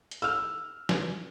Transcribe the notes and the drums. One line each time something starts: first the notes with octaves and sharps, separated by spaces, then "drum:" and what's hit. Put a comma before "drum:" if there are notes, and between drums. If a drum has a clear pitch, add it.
drum: hi-hat
E6 F6
drum: snare